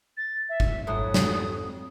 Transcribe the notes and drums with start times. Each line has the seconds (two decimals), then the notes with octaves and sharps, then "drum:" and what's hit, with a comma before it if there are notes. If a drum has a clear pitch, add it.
0.17 A6
0.49 E5
0.60 drum: kick G#1
0.87 F2 G#2 F#3 D#6
1.14 drum: snare